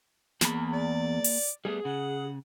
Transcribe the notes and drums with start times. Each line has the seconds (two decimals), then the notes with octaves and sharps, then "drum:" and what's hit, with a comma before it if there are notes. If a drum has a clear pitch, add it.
0.41 E2 A#3 G#4 B5, drum: snare
0.73 D5
1.24 drum: open hi-hat
1.65 G3 A3 B3 G#4
1.85 C#3 F#5